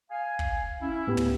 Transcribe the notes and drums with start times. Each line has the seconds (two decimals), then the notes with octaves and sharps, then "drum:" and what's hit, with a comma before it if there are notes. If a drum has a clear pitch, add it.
0.11 F5 G#5
0.39 drum: kick
0.81 C#4 E4
1.07 A2 B3 G4
1.17 drum: tom